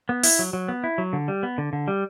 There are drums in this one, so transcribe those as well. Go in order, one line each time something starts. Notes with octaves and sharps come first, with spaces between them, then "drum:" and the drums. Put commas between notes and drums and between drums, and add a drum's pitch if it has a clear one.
B3
E4, drum: open hi-hat
F#3
F#3
B3
E4
F#3
D3
G3
B3
D3
D3
G3